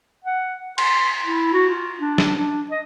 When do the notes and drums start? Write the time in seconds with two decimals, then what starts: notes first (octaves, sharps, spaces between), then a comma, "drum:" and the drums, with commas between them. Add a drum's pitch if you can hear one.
0.24 F#5
0.78 C6, drum: cymbal
1.24 E4
1.53 F#4
1.69 F4
2.00 D4
2.18 drum: snare
2.38 D4
2.71 D#5